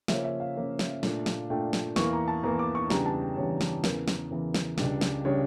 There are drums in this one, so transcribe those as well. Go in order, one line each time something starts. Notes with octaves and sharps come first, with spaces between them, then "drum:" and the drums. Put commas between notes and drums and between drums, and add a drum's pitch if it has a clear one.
C#3 F3 A#3 C#4 E5, drum: snare
E5
F5
C#3 F3 A#3 C#4
drum: snare
A#2 A3 D4, drum: snare
drum: snare
A#2 A3 D4 G5
drum: snare
E2 E3 A#3 C#6, drum: snare
A#5
A5
E2 E3 A#3 A#5
D6
C#6
E2 C#3 E3 G3 D4 A#5, drum: snare
A5
G5
E2 C#3 E3 G3 D4 C#5
drum: snare
E2 C#3 E3 A#4, drum: snare
drum: snare
E2 C#3 E3
drum: snare
C#2 C#3 G3 D4, drum: snare
drum: snare
C#3 G3 D4 C#5